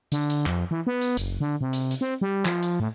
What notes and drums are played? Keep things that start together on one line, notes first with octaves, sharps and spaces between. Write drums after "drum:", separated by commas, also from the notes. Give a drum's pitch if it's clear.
D3, drum: hi-hat
drum: hi-hat
F2, drum: clap
E3
B3
drum: hi-hat
F#1, drum: hi-hat
D3
C3
drum: hi-hat
drum: hi-hat
C4
G3
F3, drum: clap
drum: hi-hat
A2